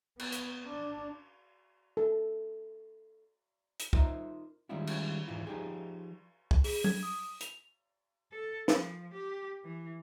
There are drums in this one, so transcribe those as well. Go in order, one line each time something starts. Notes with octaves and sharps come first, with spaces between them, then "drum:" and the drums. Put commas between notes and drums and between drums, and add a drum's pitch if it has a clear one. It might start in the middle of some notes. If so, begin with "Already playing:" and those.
B3, drum: cymbal
drum: hi-hat
D4
A4
drum: hi-hat
D#4 F4 A#4 C5 D#5 E5, drum: kick C2
D#3 G3 G#3 C#4 E4 F4
drum: cymbal
C#2 G#2 E3 E4 F4
F3 D#4 G4 G#4
drum: kick C2
G#4, drum: open hi-hat
G#6, drum: tom F#3
D#6
F7, drum: hi-hat
A4
F3, drum: snare
G4
E3